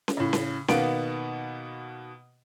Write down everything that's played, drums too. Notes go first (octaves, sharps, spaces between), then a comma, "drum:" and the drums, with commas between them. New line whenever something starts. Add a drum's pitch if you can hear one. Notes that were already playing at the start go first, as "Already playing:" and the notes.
drum: snare C#4
A2 C#3
drum: snare C#4
B2 D#3 A#3 B3 D7, drum: snare C#4